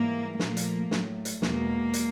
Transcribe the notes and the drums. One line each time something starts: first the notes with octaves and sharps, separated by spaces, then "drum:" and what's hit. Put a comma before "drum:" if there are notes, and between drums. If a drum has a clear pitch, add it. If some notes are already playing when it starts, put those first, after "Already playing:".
Already playing: G#2 E3 G3 A#3
A#2 F3 A3 A#3, drum: snare
drum: hi-hat
A2 F#3 A3, drum: snare
drum: hi-hat
E2 B2 G#3 A#3, drum: snare
drum: hi-hat